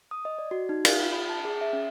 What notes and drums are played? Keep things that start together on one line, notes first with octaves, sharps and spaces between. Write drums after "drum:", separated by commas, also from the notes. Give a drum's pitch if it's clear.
D#6
D#5
D5
F#4
D#4
F5, drum: cymbal
F4
B5
A5
G#4
E5
C#4